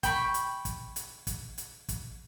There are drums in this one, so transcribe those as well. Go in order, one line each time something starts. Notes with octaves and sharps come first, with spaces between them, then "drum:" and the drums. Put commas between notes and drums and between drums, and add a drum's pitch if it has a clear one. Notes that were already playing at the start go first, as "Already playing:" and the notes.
G5 B5 C#6, drum: kick, hi-hat
drum: hi-hat
drum: kick, hi-hat
drum: hi-hat
drum: kick, hi-hat
drum: hi-hat
drum: kick, hi-hat